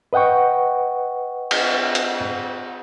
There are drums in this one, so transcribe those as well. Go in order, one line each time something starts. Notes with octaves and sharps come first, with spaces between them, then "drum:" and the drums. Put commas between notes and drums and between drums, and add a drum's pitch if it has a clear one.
B4 D#5 F#5 G5 C#6
drum: cymbal
drum: hi-hat